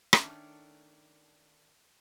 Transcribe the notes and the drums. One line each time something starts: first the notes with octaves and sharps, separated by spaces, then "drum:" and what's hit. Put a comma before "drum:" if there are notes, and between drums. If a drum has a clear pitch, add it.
D#3 A3 C#4 D4, drum: rim click